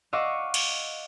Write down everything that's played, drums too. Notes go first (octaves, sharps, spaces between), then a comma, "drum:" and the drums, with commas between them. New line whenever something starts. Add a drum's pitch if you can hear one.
D#5 F5 F#5 C#6 D6 E6
drum: cymbal